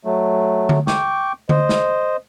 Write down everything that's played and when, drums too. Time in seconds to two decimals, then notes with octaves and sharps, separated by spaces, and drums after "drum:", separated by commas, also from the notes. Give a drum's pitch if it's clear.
0.05 F#3 A3
0.69 drum: tom D3
0.87 G5 C#6 D6, drum: snare
1.49 C5 D#5, drum: tom D3
1.69 drum: snare